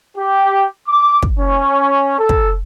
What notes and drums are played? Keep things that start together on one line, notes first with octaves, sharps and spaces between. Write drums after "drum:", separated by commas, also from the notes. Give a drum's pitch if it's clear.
G4
D6
drum: kick
C#4
A4
drum: kick